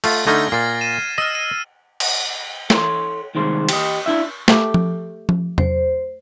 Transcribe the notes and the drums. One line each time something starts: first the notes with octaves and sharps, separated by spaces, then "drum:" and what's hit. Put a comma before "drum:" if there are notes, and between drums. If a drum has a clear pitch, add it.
A3 F4, drum: cymbal
D3 A3 D#4 F6 G#6 A#6
A#2 A6 C7
D#7 E7
D#5 E6 F6
D#7
drum: cymbal
A4 C#5 C6, drum: snare
C2 D#3 G#3 C5
G4 D#5, drum: cymbal
D4 E4 E5
A3 G4, drum: snare
drum: tom F3
drum: tom F3
C5, drum: tom E2